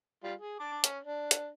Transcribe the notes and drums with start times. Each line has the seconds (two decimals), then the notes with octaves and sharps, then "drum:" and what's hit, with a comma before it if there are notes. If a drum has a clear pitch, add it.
0.24 G3 F4 F5
0.39 G#4
0.60 A5 D6
0.84 C#4, drum: hi-hat
1.03 D4
1.31 drum: hi-hat